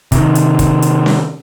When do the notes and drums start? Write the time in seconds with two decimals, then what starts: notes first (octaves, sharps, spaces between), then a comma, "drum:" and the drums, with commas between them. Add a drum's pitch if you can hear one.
0.12 C3 D#3, drum: kick, hi-hat
0.35 drum: hi-hat
0.59 drum: kick, hi-hat
0.82 drum: hi-hat
1.06 drum: snare C#4